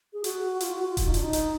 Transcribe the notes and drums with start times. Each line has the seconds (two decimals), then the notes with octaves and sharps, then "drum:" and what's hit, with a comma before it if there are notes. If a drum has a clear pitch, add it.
0.13 G#4
0.24 F#4, drum: hi-hat
0.61 F4, drum: hi-hat
0.72 F#4
0.82 F4
0.97 F4, drum: kick D#1, hi-hat
1.05 D#4
1.14 D4, drum: hi-hat
1.22 D#4
1.33 drum: hi-hat